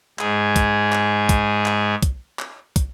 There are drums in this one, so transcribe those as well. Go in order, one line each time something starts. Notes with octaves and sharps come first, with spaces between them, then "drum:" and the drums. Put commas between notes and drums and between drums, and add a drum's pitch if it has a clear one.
G#2 G#4, drum: clap
drum: kick, hi-hat
drum: clap
drum: kick, hi-hat
drum: clap
drum: kick, hi-hat
drum: clap
drum: kick, hi-hat